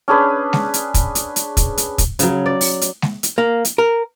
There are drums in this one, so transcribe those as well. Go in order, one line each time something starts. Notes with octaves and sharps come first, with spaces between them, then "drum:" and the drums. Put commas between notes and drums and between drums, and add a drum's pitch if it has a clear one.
C#4 D4 G#4 B4
drum: snare G#3
drum: hi-hat
drum: kick, hi-hat
drum: hi-hat
drum: hi-hat
drum: kick, hi-hat
drum: hi-hat
drum: kick, hi-hat
C#3 F#3, drum: hi-hat
D5
drum: open hi-hat
drum: hi-hat
drum: snare G#3
drum: hi-hat
A#3
drum: hi-hat
A#4